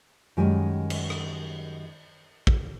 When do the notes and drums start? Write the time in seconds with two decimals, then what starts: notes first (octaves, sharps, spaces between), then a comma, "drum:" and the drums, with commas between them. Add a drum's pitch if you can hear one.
0.37 F#2 D#3 G3 G#3 G4 G#5
0.90 drum: cymbal
1.10 drum: rim click
2.47 drum: kick